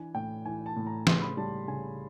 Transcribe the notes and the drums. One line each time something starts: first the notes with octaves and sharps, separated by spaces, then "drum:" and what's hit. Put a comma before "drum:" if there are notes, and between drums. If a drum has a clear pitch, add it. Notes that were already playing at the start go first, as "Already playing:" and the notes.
Already playing: E3 D4 G#5
A2 G5
E3 G#5
A5
A2
A#5
C#3 C6, drum: snare
B5
G3 A5
C#3 G#5